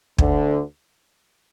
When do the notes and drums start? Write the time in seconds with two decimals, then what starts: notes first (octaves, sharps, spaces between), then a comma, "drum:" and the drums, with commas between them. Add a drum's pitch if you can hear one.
0.18 D2 D3, drum: kick